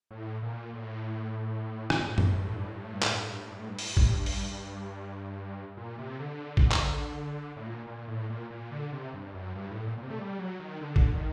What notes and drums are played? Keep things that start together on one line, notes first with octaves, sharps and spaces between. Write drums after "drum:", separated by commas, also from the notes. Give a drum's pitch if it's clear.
A2
A#2
A2
drum: rim click
G2
A2
G2, drum: tom F#2
A2
G2
A2
G2
A2
G2
A2
G2
A2, drum: clap
G2
A2
G2
A2
G2
A2
G2
A2, drum: open hi-hat
G2
A2, drum: kick
G2
drum: open hi-hat
G2
A#2
C3
D3
drum: kick
drum: clap
A2
A#2
A#2
A2
A#2
A#2
D3
C3
G2
F#2
G2
A2
A#2
A#2
C3
A3
G3
F#3
D#3
D3
drum: kick
D#3